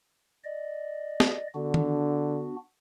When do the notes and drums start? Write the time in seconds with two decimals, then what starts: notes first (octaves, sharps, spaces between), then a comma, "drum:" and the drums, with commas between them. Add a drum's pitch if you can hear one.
0.44 D5 D#5
1.20 drum: snare
1.55 D3 B3 D4 F#4
1.74 drum: tom D#3